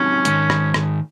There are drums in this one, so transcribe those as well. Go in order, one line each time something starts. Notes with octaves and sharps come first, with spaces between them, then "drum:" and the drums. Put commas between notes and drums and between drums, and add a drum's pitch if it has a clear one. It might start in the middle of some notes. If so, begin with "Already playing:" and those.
Already playing: F#3 C4 C#4 D#4
G#2 D#3 G#3, drum: hi-hat
drum: rim click
drum: rim click